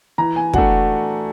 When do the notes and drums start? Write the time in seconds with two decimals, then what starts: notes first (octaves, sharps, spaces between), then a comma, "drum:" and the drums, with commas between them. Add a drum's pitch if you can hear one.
0.18 E3 A#5
0.36 G#5
0.54 A3 D4 F#4 F#5, drum: kick